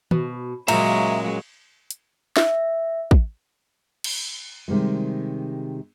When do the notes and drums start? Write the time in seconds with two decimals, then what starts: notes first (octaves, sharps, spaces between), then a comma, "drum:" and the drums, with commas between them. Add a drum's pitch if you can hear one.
0.11 B2, drum: tom D#3
0.68 A#2 C#3 F#3 G#3 E5 A#5, drum: cymbal
1.91 drum: hi-hat
2.37 E5, drum: snare
3.11 drum: kick
4.04 drum: cymbal
4.68 C3 D#3 G3 G#3